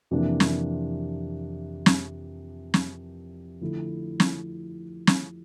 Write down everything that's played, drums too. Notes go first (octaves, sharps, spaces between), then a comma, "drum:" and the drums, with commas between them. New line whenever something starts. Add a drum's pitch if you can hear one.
F2 C3 E3 A#3 D4
drum: snare
drum: snare
drum: snare
D3 F3 A3 E4
drum: snare
drum: snare